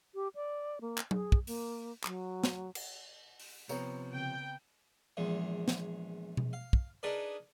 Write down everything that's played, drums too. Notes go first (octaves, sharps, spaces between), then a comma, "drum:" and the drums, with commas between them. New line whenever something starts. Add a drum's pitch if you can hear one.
G4
D5
A#3
drum: clap
G#4, drum: tom F#3
drum: kick
A#3, drum: open hi-hat
F#3, drum: clap
drum: snare
drum: cymbal
drum: open hi-hat
C3 F3 B3 C#5 A#5, drum: tambourine
C#3 C4 G5
A#1 E2 G#3
drum: snare
drum: tom B2
F5
drum: kick
D4 D#4 G#4 A#4 B4 D5